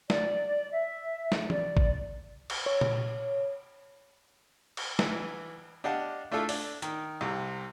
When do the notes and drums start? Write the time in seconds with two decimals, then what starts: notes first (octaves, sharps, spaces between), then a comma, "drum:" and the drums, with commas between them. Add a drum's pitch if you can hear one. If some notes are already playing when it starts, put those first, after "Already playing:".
0.10 D5, drum: snare
0.71 E5
1.32 drum: snare
1.50 D5, drum: tom E3
1.77 drum: kick G#1
2.50 drum: cymbal
2.66 C#5
2.81 drum: tom A#2
4.77 drum: cymbal
4.99 E3, drum: snare
5.84 D4 G4 D#5 F5 F#5 A5
6.32 A3 D4 E4 F4 A4
6.49 D4, drum: open hi-hat
6.82 D#3, drum: hi-hat
7.21 C2 C3